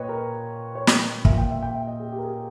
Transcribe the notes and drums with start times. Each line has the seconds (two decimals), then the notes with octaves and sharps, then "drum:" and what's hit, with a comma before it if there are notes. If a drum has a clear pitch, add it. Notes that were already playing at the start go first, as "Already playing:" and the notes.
Already playing: A#2 B4 C#5 D#5 G5
0.09 A#4
0.75 C#5
0.87 drum: snare
1.25 A#2 E5, drum: kick
1.38 G5
1.51 E5
1.63 G5
1.75 E5
1.87 D#5
2.00 G#4
2.12 G4
2.19 A#4
2.24 G#4